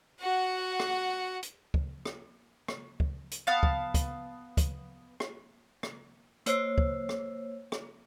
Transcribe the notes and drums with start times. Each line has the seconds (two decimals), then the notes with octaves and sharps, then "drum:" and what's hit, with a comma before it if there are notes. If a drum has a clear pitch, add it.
0.20 F#4 F#5
0.80 drum: rim click
1.43 drum: hi-hat
1.74 drum: kick C#2
2.05 drum: rim click
2.68 drum: rim click
3.00 drum: kick C#2
3.31 drum: hi-hat
3.47 B3 F5 A5
3.63 drum: kick C#2
3.94 drum: kick C#2, hi-hat
4.57 drum: kick C#2, hi-hat
5.20 drum: rim click
5.83 drum: rim click
6.46 A#3 C5 C#5 E6 C7, drum: hi-hat
6.78 drum: kick C#2
7.09 drum: rim click
7.72 drum: rim click